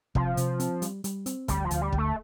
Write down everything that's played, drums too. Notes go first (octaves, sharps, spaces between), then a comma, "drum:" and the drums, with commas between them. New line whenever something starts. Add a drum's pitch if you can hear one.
C3 F3, drum: kick
C3, drum: hi-hat
C4, drum: hi-hat
G3, drum: hi-hat
G3, drum: hi-hat
C4, drum: hi-hat
D2 G3, drum: kick, hi-hat
F3
D2, drum: hi-hat
G3
D2, drum: kick
A3